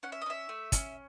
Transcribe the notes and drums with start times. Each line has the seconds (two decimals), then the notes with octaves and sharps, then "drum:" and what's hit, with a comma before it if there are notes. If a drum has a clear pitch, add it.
0.03 C#4 F#5
0.12 E5
0.22 D#5
0.26 C#4 E5
0.49 A3
0.72 C#4, drum: kick, hi-hat